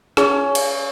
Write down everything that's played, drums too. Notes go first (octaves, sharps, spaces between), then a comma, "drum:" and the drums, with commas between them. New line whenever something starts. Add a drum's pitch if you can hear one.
C#4 G#4, drum: rim click
drum: cymbal